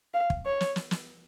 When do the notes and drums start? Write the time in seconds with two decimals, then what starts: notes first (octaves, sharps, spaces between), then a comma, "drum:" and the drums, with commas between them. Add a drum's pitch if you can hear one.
0.14 F5
0.30 drum: kick
0.46 C#5
0.61 drum: snare
0.76 drum: snare
0.91 drum: snare